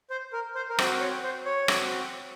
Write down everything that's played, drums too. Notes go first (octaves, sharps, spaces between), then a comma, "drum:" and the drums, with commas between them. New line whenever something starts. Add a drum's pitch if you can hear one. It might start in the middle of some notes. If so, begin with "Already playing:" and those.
C5
A#4
C5
A#4
C4 F#4 C5, drum: rim click
C#5
C5
C#5
C4 F#4, drum: rim click